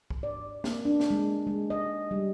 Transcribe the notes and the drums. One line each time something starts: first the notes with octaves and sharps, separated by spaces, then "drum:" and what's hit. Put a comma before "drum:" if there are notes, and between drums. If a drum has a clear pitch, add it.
drum: kick
D5
A#3, drum: snare
D4
drum: snare
G#3
G#3
D#5
G3